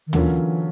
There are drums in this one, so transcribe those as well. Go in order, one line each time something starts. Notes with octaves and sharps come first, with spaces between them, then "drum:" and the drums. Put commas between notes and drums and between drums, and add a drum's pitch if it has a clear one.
D#3
D3 E3 F#3 A#3 C#4 F4, drum: tom